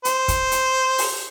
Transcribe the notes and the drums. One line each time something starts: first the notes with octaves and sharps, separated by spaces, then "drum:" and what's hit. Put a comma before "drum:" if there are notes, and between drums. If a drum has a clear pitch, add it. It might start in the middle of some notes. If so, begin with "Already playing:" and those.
C5, drum: hi-hat
drum: kick, hi-hat
drum: hi-hat
drum: open hi-hat